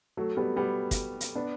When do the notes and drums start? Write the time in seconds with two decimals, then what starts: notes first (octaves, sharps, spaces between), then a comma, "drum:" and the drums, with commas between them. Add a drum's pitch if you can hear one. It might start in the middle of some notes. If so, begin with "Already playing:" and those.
0.17 F#3 A3
0.37 G3 B3
0.56 G3 B3
0.91 drum: kick, hi-hat
1.21 drum: hi-hat
1.35 B3 D4